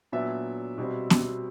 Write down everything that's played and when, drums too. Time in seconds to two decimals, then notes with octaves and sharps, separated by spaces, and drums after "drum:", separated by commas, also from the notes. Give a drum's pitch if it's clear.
0.12 A#2 F#3 B3 D4 E5
0.78 B2 G3 C4
1.10 drum: snare B3